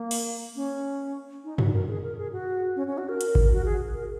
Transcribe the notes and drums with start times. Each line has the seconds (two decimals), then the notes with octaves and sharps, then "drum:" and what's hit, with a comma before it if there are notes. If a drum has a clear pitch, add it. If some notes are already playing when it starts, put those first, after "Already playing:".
Already playing: A#3
0.11 drum: open hi-hat
0.56 C#4
1.44 D#4
1.58 F#4, drum: tom
1.73 A#4
1.88 G#4
2.03 A#4
2.18 G#4
2.32 F#4
2.76 C#4
2.87 C#4
2.98 F#4
3.09 A#4
3.21 drum: hi-hat
3.35 drum: kick G#1
3.53 F#4
3.65 G#4
3.94 A#4